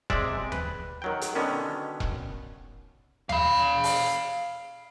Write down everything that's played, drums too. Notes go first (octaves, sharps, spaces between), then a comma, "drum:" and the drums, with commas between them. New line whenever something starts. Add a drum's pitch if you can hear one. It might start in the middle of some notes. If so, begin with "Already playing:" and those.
C3 G#3 D5 E5, drum: kick E1
B4, drum: tom D#2
D#3 F#3 G5
drum: hi-hat
B2 D3 D#3 B3 C#4
drum: kick E1
F5 B5, drum: tom D#2
drum: open hi-hat